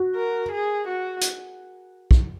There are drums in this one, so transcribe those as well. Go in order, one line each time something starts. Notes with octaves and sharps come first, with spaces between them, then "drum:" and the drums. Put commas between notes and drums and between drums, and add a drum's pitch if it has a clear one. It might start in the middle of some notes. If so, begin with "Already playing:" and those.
Already playing: F#4
A#4
G#4
F#4
drum: hi-hat
drum: kick